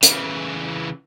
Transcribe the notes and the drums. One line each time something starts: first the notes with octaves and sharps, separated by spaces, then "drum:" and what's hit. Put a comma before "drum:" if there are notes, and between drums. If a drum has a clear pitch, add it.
C#3 E3, drum: hi-hat